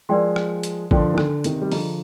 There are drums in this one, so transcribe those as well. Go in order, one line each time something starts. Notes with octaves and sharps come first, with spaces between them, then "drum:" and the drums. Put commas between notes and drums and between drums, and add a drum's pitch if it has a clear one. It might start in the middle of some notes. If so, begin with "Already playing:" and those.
F3 G#3 A#4 D5 G5 C6
drum: rim click
drum: hi-hat
D3 F3 A#4 D5 G5 C6, drum: kick
D#3
D3, drum: rim click
C3 D#3, drum: hi-hat
G3
D3 F3 D4 G#4 D#5 A#5, drum: open hi-hat